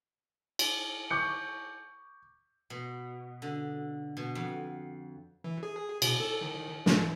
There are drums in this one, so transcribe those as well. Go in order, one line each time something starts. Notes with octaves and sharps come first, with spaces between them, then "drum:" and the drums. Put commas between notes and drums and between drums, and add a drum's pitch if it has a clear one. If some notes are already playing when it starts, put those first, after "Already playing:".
drum: cymbal
C#6 D6 G6 C#7
B2
D3
B2
F2
E3
G#4
B2, drum: cymbal
A4
D#3
G#2, drum: snare
E3